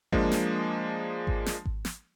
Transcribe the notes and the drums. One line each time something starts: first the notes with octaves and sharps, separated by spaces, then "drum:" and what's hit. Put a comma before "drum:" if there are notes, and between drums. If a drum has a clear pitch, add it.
F3 G#3 A#3 D4, drum: kick G#1
drum: snare
drum: kick G#1
drum: snare
drum: kick G#1
drum: snare